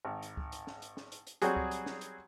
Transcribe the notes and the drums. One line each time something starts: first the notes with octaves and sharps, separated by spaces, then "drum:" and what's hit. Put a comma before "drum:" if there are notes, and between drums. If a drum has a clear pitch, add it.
G#1
drum: hi-hat
drum: kick C#2
drum: hi-hat
drum: snare
drum: hi-hat
drum: snare
drum: hi-hat
drum: hi-hat
F#3 G3 C4 F#4 G#4, drum: hi-hat
drum: kick C#2
drum: hi-hat
drum: snare
drum: hi-hat